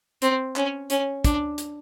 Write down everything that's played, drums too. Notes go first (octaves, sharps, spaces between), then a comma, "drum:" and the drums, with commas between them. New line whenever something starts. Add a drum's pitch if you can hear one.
C4, drum: hi-hat
C#4, drum: clap
C#4, drum: hi-hat
D4, drum: kick, hi-hat
drum: hi-hat